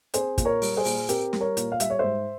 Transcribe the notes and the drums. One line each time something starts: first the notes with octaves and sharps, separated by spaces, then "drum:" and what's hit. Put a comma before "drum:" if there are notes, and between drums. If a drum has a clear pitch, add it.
C4 G#4 C5, drum: hi-hat
A#2, drum: kick, hi-hat
A#4 C#5
G3, drum: open hi-hat
G#4 C5
A#2, drum: open hi-hat
C4 G4 A#4, drum: hi-hat
G3, drum: snare
A#4 C#5
A#2, drum: hi-hat
F5
G3 E5, drum: hi-hat
C#5
G#2 C5 E5